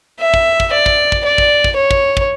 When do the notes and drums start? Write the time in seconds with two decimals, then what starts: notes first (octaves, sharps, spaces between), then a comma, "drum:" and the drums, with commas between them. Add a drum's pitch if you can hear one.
0.20 E5
0.34 drum: kick
0.60 drum: kick
0.73 D5
0.86 drum: kick
1.12 drum: kick
1.25 D5
1.38 drum: kick
1.64 drum: kick
1.77 C#5
1.91 drum: kick
2.17 drum: kick